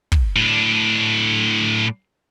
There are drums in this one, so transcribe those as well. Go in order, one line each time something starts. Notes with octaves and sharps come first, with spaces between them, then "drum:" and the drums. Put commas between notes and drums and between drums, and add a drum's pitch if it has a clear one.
drum: kick
A2 D4